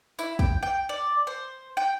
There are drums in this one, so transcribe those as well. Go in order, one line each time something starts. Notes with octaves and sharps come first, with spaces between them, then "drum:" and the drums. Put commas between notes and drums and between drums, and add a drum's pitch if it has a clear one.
E4, drum: tambourine
G5, drum: kick
G5
D5
C5
G5